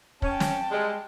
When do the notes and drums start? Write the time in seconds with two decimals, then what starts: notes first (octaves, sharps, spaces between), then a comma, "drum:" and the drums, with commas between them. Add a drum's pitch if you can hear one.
0.22 C#4 G5 A5, drum: kick
0.40 drum: snare
0.71 G3 G#3